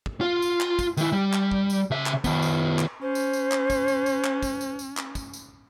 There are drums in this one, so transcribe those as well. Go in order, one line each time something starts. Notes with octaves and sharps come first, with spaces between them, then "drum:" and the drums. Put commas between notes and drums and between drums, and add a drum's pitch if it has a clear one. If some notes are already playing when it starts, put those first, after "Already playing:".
drum: kick
F4
drum: tambourine
drum: clap
drum: kick, tambourine
D#3 E4, drum: tambourine
G3
drum: clap
drum: kick
drum: tambourine
C#3 E5
drum: clap
D#3 B3, drum: kick, tambourine
drum: tambourine
drum: clap
C#4 C5
drum: tambourine
drum: tambourine
drum: clap
drum: kick, tambourine
drum: tambourine
drum: tambourine
drum: clap
drum: kick, tambourine
drum: tambourine
drum: tambourine
drum: clap
drum: kick, tambourine
drum: tambourine